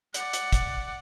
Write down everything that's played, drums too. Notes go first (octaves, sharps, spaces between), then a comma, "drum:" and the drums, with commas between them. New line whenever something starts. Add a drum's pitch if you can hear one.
D5 F#5, drum: hi-hat
drum: hi-hat
drum: kick, hi-hat